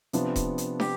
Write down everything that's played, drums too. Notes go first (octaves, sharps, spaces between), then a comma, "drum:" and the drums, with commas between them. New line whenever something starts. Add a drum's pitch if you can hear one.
C3 F3 B3 D4 F4, drum: hi-hat
drum: kick D#1, hi-hat
drum: hi-hat
G4, drum: snare